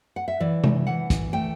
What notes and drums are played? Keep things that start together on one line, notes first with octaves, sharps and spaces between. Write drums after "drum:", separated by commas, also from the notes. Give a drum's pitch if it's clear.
F#5
E5
E3 D5
drum: tom C3
E3 F#5
drum: kick, hi-hat
A3 G5